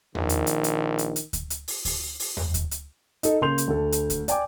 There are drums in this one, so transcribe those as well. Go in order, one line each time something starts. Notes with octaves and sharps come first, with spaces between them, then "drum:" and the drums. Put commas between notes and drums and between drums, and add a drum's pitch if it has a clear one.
A#1 D#3, drum: tom E2
drum: hi-hat
drum: hi-hat
drum: hi-hat
drum: hi-hat
drum: hi-hat
drum: kick D2, hi-hat
drum: hi-hat
drum: open hi-hat
drum: kick D2, open hi-hat
drum: open hi-hat
drum: tom E2
drum: kick D2, hi-hat
drum: hi-hat
D#4 A4, drum: hi-hat
C#3 A#3 C6 G6 F7
drum: hi-hat
D2 A4
drum: hi-hat
drum: kick D2, hi-hat
D5 G5 G#5 D6, drum: hi-hat